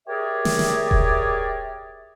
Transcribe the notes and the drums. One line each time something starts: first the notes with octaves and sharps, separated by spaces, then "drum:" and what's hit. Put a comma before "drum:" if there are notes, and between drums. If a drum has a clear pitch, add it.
G4 G#4 A#4 C#5 D5 E5
drum: snare
drum: snare
drum: kick D#1